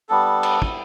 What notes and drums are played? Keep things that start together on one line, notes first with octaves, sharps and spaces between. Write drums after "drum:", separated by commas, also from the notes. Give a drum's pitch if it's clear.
G3 B3 D4 A4
drum: cymbal
G3 B3 E4, drum: kick